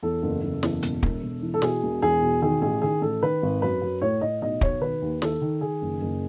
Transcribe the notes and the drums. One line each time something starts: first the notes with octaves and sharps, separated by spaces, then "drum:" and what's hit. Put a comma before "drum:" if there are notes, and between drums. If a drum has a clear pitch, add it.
E2 A4
F#1
F#1
E2, drum: snare
E1, drum: hi-hat
E1, drum: kick
E1
E3
A4
B2 G#4, drum: snare
E1
E2 G#4
B2
D#3 G#4
A1 G#4
D#3 G#4
A1 A4
D#3 B4
G#1
F#2 B4
F#2
A2 C#5
A2 D#5
B1 D#5
B1 C#5, drum: kick
D#3 B4
D#2
D#3 A4, drum: snare
D#3
D#3 G#4
F#1
F#1